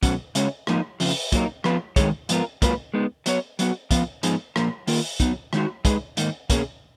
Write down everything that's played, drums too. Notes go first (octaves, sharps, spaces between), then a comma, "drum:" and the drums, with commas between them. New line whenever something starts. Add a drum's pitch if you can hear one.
B2 F#3 C#4 F#4, drum: kick, hi-hat
C#3 G#3 C#4 F#4 C#5, drum: hi-hat
G#2 F3 A#3 D#4, drum: rim click
F2 C#3 F3, drum: open hi-hat
A#2 F#3 A#3 D#4, drum: kick, hi-hat
F2 F3 B3 F4 B4, drum: rim click
D#3 G#3 D#4 G#4 C#5, drum: kick, hi-hat
G#2 F3 B3 F4 A#4, drum: hi-hat
G#2 F#3 A#3 F4 B4, drum: kick, hi-hat
G#3 B3 D#4
F#3 B3 F#4 C#5, drum: hi-hat
F#3 B3 F#4, drum: hi-hat
F3 B3 F4, drum: kick, hi-hat
G#2 F3 B3 D#4 G#4, drum: hi-hat
A#2 F3 A#3, drum: rim click
D#3 A#3 F4 A#4, drum: open hi-hat
F#3 B3 D#4, drum: kick, hi-hat
D#3 G#3 D#4 F#4, drum: rim click
G#3 D#4 G#4 B4, drum: kick, hi-hat
G#2 D#3 A#3 D#4, drum: hi-hat
B2 A#3 C#4 G#4, drum: kick, hi-hat